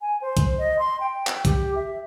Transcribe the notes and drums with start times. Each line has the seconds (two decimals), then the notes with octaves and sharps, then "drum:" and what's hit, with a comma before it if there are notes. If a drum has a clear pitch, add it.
0.01 G#5
0.21 C5
0.37 drum: kick B1, hi-hat
0.59 D#5
0.79 C6
1.00 G5
1.27 drum: clap
1.45 G4, drum: kick B1, hi-hat
1.75 E5